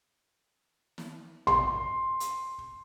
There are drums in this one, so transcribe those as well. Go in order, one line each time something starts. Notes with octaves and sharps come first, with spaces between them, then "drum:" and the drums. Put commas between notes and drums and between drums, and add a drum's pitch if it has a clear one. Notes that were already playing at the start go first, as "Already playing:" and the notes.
drum: snare
C6, drum: tom A#1
drum: hi-hat